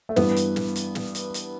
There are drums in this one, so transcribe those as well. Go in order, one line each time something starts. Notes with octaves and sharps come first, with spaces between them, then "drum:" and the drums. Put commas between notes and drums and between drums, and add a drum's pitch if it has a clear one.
A3
G2 E3 B3, drum: snare
drum: hi-hat
drum: snare
drum: hi-hat
drum: snare
drum: hi-hat
drum: hi-hat